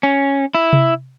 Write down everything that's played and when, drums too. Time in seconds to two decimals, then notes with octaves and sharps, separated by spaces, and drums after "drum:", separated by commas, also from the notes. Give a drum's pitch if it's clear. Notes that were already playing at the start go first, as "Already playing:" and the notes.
0.03 C#4
0.55 E4
0.73 drum: tom C3